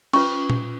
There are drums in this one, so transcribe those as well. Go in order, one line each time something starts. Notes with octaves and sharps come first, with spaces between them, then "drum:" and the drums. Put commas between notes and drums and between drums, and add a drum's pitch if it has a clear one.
C#4 F4 B4 C#6, drum: cymbal
drum: tom A#2